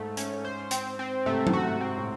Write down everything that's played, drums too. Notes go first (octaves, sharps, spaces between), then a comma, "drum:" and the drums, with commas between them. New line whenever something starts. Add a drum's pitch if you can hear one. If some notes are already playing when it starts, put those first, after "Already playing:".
Already playing: G#2 A3
C#4, drum: hi-hat
C5
C4, drum: hi-hat
C4
G#2 C3 A3
G#2, drum: tom F#3
F#4
G#2
C4
A2